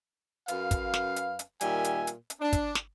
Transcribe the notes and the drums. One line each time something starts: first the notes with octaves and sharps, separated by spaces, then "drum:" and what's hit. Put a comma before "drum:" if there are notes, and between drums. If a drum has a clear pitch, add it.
F#2 B4 F5, drum: hi-hat
drum: kick, hi-hat
drum: snare
drum: hi-hat
drum: hi-hat
A#2 D#3 G3 E5 G#5, drum: hi-hat
drum: hi-hat
drum: hi-hat
drum: hi-hat
D4
drum: kick, hi-hat
drum: snare